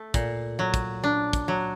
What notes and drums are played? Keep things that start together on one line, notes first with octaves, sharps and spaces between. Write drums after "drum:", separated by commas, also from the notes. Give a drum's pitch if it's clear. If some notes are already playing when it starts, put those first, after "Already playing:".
Already playing: A3
A#2, drum: kick, hi-hat
F#3
drum: kick, hi-hat
D4
drum: kick, hi-hat
F#3